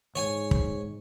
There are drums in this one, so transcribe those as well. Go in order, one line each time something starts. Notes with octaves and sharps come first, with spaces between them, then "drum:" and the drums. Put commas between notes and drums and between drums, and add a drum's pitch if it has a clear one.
G#2 C#5 G#5
drum: kick